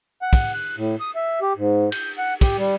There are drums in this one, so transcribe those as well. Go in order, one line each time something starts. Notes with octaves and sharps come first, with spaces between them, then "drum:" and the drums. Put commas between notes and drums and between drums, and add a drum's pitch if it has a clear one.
F#5
drum: kick, cymbal
F#6
A2
D#6
E5
G4
G#2
G6, drum: cymbal
F#5
G4, drum: kick, cymbal
G3